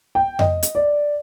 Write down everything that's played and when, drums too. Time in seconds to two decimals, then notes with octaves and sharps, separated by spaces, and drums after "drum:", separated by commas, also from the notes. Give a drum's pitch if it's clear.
0.15 G5
0.39 D#5, drum: tom F2
0.63 drum: hi-hat
0.75 D5